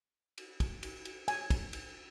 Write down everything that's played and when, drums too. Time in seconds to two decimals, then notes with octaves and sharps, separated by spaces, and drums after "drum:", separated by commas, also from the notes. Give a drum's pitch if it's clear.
0.38 drum: cymbal
0.60 drum: kick, cymbal
0.83 drum: cymbal
1.05 drum: cymbal
1.28 G#5, drum: cymbal
1.50 drum: kick, cymbal
1.73 drum: cymbal